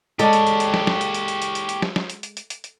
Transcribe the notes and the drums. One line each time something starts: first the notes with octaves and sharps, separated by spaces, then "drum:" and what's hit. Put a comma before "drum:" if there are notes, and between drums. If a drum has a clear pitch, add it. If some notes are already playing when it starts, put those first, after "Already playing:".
G#3 G4 A4 C#5 D5 A5, drum: hi-hat
drum: hi-hat
drum: hi-hat
drum: hi-hat
drum: snare
drum: snare
drum: hi-hat
drum: hi-hat
drum: hi-hat
drum: hi-hat
drum: hi-hat
drum: hi-hat
drum: snare
drum: snare
drum: hi-hat
drum: hi-hat
drum: hi-hat
drum: hi-hat
drum: hi-hat